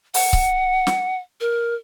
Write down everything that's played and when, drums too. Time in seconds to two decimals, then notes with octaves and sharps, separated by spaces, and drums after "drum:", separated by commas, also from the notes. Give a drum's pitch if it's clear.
0.14 F#5, drum: open hi-hat
0.33 drum: kick C#1
0.87 drum: snare
1.40 A#4